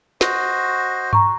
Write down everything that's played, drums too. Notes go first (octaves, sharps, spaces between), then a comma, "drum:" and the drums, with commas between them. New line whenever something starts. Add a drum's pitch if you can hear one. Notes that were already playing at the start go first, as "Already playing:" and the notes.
F#4 C5 D#5, drum: snare
A#5 C#6, drum: tom G2